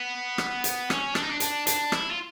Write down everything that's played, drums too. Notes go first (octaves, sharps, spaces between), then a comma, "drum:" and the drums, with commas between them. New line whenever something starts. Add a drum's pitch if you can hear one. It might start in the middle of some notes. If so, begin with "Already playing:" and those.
Already playing: B3
drum: rim click
drum: hi-hat
C#4, drum: rim click
D4, drum: rim click
D#4
D4
D4, drum: hi-hat
D4, drum: hi-hat
E4, drum: rim click
F4